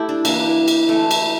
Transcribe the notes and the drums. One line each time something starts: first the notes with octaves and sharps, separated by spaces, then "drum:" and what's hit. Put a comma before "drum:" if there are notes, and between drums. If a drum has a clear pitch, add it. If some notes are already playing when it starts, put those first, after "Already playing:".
Already playing: A3 E4 G4 A4
D4
E3 A#3 D4, drum: cymbal
drum: cymbal
E3 A3
drum: cymbal